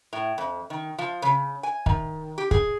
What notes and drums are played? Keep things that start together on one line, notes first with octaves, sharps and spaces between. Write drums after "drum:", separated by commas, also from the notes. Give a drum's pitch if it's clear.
A2
F2
D#3
F3
C#3
G#5
D#3, drum: kick
G4
G#4, drum: kick